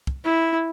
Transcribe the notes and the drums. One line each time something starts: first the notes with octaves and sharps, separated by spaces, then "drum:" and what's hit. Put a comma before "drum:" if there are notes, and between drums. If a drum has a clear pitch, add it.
drum: kick
E4